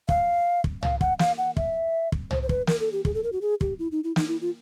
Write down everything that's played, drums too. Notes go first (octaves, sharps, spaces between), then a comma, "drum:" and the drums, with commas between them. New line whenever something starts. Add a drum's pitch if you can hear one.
F5, drum: kick
drum: kick
F5, drum: tom
F#5, drum: kick
F5, drum: snare
F#5
E5, drum: kick
drum: kick
C5, drum: tom
C5
B4, drum: kick
A#4, drum: snare
A4
G4
G#4, drum: kick
A4
A#4
F#4
G#4
G4, drum: kick
E4
D#4
E4
D#4, drum: snare
E4
F4